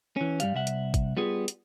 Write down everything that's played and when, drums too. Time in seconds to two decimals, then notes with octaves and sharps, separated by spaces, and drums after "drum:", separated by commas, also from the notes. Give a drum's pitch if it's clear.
0.16 E3 C#4
0.40 G2 C#3 G3 F5, drum: hi-hat
0.55 C2 E5 F#5
0.67 drum: hi-hat
0.94 drum: kick G#1, hi-hat
1.17 G3 B3 F4 G#4
1.48 drum: hi-hat